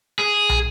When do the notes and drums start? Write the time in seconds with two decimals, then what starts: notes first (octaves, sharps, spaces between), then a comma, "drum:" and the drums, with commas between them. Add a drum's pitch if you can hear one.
0.19 G#4
0.49 drum: tom